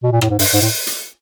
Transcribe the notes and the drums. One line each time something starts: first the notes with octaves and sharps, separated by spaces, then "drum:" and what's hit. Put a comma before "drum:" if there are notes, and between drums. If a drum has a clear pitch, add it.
B2
A#2
A2, drum: rim click
G#2
G2, drum: open hi-hat
G#2
A2
drum: hi-hat